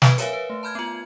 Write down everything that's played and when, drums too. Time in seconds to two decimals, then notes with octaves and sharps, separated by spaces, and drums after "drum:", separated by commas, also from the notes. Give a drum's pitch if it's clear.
0.02 B4 E6, drum: snare
0.18 A#4 B4 C#5 E5 F5 G#5, drum: hi-hat
0.33 B4
0.50 A3
0.63 A5 B5 F6 G6 G#6
0.75 B3 F4